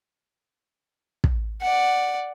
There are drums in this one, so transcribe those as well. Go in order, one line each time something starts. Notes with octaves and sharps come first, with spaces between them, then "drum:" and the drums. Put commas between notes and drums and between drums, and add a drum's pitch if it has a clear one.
drum: kick
D5 F#5